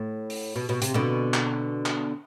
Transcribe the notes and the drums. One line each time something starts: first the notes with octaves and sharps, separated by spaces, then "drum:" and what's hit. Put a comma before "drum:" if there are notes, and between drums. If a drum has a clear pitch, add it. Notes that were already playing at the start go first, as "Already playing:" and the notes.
Already playing: A2
drum: open hi-hat
B2
B2
C3, drum: hi-hat
B2 D3
drum: clap
drum: clap